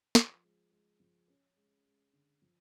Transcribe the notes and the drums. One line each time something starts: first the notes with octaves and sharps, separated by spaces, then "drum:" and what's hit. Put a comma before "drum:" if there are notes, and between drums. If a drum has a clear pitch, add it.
F3, drum: snare
G#3
G#3
F3
C#4
G#3
G#3
D3
F3